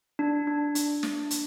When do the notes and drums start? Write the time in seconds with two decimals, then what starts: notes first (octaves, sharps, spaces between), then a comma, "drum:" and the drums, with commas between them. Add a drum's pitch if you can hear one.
0.19 D4
0.47 D4
0.75 D4, drum: hi-hat
1.03 drum: snare
1.31 drum: hi-hat